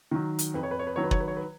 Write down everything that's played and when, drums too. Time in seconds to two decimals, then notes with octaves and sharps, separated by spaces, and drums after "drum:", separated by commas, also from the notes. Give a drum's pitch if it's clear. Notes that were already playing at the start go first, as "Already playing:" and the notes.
0.11 D#3 F#3
0.39 drum: hi-hat
0.54 F2 B4
0.63 C#5
0.71 B4
0.79 C#5
0.87 B4
0.96 D#3 F#3 C#5
1.04 B4
1.11 C#5, drum: kick
1.20 B4
1.28 C#5
1.37 B4